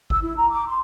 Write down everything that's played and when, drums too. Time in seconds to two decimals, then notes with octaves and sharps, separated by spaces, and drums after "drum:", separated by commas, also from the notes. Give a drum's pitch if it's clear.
0.10 E6, drum: kick
0.22 E4
0.36 A#5
0.49 D6
0.67 C6